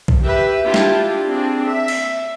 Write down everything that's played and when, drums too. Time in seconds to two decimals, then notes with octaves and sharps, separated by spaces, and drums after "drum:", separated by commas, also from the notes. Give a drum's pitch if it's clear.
0.08 drum: kick B1
0.23 G4 B4 E5
0.63 D4 E4 F4 G4
0.74 drum: snare
1.28 C4 D4 G#4
1.69 E5
1.88 drum: cymbal